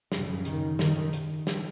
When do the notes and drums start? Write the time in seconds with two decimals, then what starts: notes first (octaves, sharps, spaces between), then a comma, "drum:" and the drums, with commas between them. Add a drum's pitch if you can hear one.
0.12 F#2 C#3, drum: snare
0.45 D#3, drum: hi-hat
0.79 D#3, drum: snare
1.13 drum: hi-hat
1.47 drum: snare